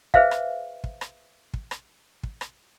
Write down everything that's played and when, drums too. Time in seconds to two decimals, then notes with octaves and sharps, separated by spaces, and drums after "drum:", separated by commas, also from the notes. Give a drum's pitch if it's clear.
0.14 G#4 B4 C5 E5 F5, drum: kick
0.31 drum: rim click
0.84 drum: kick
1.01 drum: rim click
1.54 drum: kick
1.71 drum: rim click
2.23 drum: kick
2.41 drum: rim click